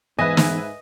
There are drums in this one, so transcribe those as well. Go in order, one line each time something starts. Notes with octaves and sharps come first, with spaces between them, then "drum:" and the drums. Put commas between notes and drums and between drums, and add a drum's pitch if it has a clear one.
E2 G#2 B4 D#5 E5 G#5
drum: snare